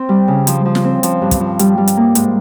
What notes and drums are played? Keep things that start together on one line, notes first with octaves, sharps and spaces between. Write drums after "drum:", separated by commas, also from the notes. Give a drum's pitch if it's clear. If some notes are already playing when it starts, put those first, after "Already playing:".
Already playing: C4
G3
C#3
F3, drum: hi-hat
F3
drum: snare
C4
F3, drum: hi-hat
G2
drum: kick, hi-hat
F3
G3, drum: hi-hat
G3
drum: hi-hat
A#3
G#2, drum: hi-hat